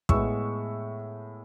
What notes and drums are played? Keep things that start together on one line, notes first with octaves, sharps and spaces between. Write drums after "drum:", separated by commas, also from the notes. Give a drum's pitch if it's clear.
A2 G#3 B3 C#6 E6, drum: kick